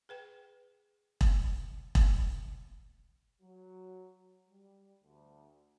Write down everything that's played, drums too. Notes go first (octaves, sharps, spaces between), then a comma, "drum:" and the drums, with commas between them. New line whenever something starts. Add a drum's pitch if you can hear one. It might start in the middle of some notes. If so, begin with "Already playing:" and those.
G#4 B4 G5
drum: kick E1
drum: kick E1
F#3
G3
D2